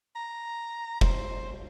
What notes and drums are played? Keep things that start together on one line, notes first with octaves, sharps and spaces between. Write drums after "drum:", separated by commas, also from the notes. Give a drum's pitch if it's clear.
A#5
C5, drum: kick